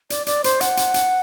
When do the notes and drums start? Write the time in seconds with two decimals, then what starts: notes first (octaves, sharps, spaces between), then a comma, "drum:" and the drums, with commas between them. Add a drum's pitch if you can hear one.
0.10 D5, drum: hi-hat
0.27 D5, drum: hi-hat
0.44 C5, drum: hi-hat
0.61 F#5, drum: hi-hat
0.77 drum: hi-hat
0.94 drum: hi-hat